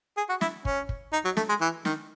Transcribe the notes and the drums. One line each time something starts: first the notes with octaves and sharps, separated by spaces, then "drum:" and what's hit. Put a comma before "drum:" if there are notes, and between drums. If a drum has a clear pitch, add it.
G#4
F#4
E4, drum: snare
C#4, drum: kick
drum: kick
D#4
F#3
A3, drum: snare
G#3
E3
D#3, drum: snare